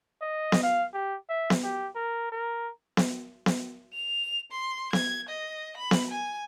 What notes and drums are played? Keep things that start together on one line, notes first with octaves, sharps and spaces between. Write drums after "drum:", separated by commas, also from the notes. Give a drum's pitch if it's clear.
D#5
drum: snare B3
F5
G4
E5
drum: snare B3
G4
A#4
A#4
drum: snare B3
drum: snare B3
F7
C6
G#6, drum: snare B3
D#5
B5
drum: snare B3
G#5